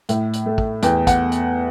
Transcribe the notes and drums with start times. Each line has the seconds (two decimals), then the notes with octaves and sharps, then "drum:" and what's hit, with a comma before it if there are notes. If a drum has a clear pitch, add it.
0.09 A2, drum: hi-hat
0.33 drum: hi-hat
0.46 A3
0.58 drum: kick
0.82 E2 G5, drum: hi-hat
1.07 F#5, drum: kick, hi-hat
1.32 drum: hi-hat